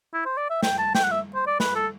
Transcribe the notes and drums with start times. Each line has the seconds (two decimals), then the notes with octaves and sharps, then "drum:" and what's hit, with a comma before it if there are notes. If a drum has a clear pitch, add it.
0.14 E4
0.26 C5
0.37 D5
0.50 E5
0.63 G5, drum: snare
0.78 A5
0.95 G5, drum: snare
1.04 F#5
1.11 E5
1.35 C5
1.47 D5
1.60 B4, drum: snare
1.75 A4